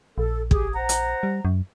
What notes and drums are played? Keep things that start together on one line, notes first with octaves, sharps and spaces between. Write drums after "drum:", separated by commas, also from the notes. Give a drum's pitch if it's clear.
A#1 A4
G4 G#4, drum: kick
C5 F#5 A#5
drum: hi-hat
G3
F#2